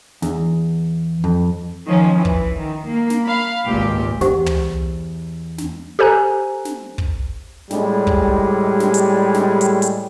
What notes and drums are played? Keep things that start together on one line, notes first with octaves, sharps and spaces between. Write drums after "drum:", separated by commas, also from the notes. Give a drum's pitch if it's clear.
E2, drum: snare
F2
D#3 F3 C#4
E3
drum: kick
D#3
A#3
drum: snare
F5 B5
G#1 C#2 A#2 G4
E2 G4 C5 F#5, drum: snare
drum: tom
drum: snare
G4 A4 C5 G#5 A#5 F#6
drum: snare
drum: kick
A2 G3 G#3 G4, drum: snare
drum: kick
drum: snare
drum: hi-hat
drum: snare
drum: hi-hat
drum: hi-hat